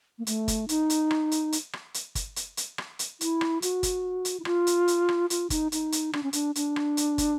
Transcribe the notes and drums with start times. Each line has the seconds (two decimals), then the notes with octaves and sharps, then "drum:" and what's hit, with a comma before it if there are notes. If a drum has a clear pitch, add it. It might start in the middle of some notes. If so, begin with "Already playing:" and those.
0.19 A#3
0.27 A3, drum: hi-hat
0.48 drum: kick, hi-hat
0.69 D#4, drum: hi-hat
0.90 drum: hi-hat
1.11 drum: rim click
1.32 drum: hi-hat
1.52 drum: hi-hat
1.73 drum: rim click
1.94 drum: hi-hat
2.15 drum: kick, hi-hat
2.36 drum: hi-hat
2.57 drum: hi-hat
2.78 drum: rim click
2.99 drum: hi-hat
3.21 E4, drum: hi-hat
3.41 drum: rim click
3.62 F#4, drum: hi-hat
3.83 drum: kick, hi-hat
4.25 drum: hi-hat
4.40 E4
4.45 F4, drum: rim click
4.67 drum: hi-hat
4.88 drum: hi-hat
5.09 drum: rim click
5.30 F4, drum: hi-hat
5.50 D#4, drum: kick, hi-hat
5.72 D#4, drum: hi-hat
5.92 drum: hi-hat
6.13 D4, drum: rim click
6.23 C#4
6.33 D4, drum: hi-hat
6.55 D4, drum: hi-hat
6.76 drum: rim click
6.97 drum: hi-hat
7.18 drum: kick, hi-hat